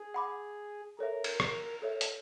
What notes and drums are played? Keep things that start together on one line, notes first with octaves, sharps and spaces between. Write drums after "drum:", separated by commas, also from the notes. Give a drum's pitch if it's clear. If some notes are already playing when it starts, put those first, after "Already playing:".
Already playing: G#4
F#5 B5 D6
A4 A#4 C#5 E5
drum: cymbal
drum: rim click
A4 C#5 E5
drum: hi-hat